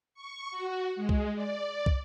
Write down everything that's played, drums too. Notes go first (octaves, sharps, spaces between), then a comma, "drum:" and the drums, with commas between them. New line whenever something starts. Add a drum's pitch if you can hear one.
C#6
F#4
G#3
drum: kick
D5
drum: kick